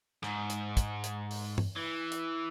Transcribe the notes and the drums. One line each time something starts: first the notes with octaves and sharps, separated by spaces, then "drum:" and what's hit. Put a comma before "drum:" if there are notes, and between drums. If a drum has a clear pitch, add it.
G#2, drum: rim click
drum: hi-hat
drum: kick, hi-hat
drum: hi-hat
drum: open hi-hat
drum: tom
E3
drum: hi-hat